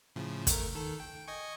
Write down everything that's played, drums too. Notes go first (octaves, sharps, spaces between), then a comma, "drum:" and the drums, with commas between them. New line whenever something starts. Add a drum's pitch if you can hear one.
A2 C#3 F3
A3 A#4, drum: kick, hi-hat
D#3 A4
G5
D#5 G#5 C#6